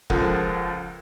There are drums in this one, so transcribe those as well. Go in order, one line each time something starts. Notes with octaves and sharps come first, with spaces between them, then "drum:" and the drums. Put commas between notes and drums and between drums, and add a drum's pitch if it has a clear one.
C#2 F3 A4 A#4 F#5, drum: kick